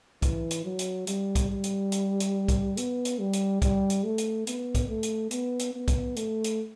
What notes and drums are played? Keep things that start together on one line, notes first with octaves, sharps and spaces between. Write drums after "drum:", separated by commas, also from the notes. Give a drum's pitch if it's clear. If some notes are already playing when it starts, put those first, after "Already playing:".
E3, drum: kick B1, hi-hat
drum: hi-hat
F#3
drum: hi-hat
G3, drum: hi-hat
drum: kick B1, hi-hat
G3
drum: hi-hat
drum: hi-hat
drum: hi-hat
drum: kick B1, hi-hat
B3, drum: hi-hat
drum: hi-hat
G3
drum: hi-hat
G3, drum: kick B1, hi-hat
drum: hi-hat
A3
drum: hi-hat
B3, drum: hi-hat
drum: kick B1, hi-hat
A3
drum: hi-hat
B3, drum: hi-hat
drum: hi-hat
B3
drum: kick B1, hi-hat
A3, drum: hi-hat
drum: hi-hat